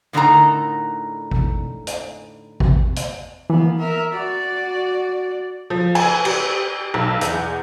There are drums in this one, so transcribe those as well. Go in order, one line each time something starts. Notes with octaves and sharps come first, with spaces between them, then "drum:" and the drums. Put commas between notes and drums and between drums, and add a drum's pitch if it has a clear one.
A2 D3 D#4 A4 A#4 A#5
drum: kick G#1
drum: hi-hat
drum: kick G#1
drum: hi-hat
E3 A#3 B3
A#4 E5
F#4 D5
F3
G#5, drum: cymbal
G4, drum: cymbal
B1
E2, drum: hi-hat